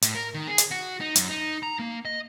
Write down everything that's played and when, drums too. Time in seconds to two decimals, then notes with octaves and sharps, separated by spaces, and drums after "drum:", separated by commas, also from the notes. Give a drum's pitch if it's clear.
0.02 A2, drum: hi-hat
0.15 A#4
0.34 D#3
0.48 G#4
0.58 drum: hi-hat
0.71 F#4
1.01 D#4
1.16 F#2, drum: hi-hat
1.29 D#4
1.63 A#5
1.79 A#3
2.05 D#5